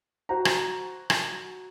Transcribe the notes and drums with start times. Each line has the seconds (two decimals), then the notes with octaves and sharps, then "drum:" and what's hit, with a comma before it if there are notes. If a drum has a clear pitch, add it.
0.29 F#4 C5 A#5
0.45 drum: rim click
1.10 drum: rim click